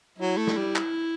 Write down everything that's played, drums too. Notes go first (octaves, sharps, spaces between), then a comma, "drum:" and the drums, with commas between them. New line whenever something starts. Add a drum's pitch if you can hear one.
F#3 E4
A3
drum: snare
G3
drum: clap